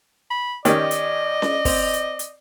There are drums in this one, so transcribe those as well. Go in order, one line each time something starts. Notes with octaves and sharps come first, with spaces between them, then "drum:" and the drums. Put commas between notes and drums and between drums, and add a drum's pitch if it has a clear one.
B5
D#3 C#4 G4 D5 D#5, drum: hi-hat
drum: hi-hat
drum: snare C#4
C4, drum: kick, open hi-hat
drum: hi-hat
drum: hi-hat